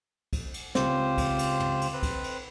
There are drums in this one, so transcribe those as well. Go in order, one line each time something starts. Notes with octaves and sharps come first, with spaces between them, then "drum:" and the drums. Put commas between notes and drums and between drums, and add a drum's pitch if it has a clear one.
drum: kick, cymbal
drum: cymbal
C#2 C4 F4 G4 C5, drum: snare
drum: kick, cymbal
drum: cymbal
drum: tom
drum: cymbal
C4 B4
drum: kick, cymbal
drum: cymbal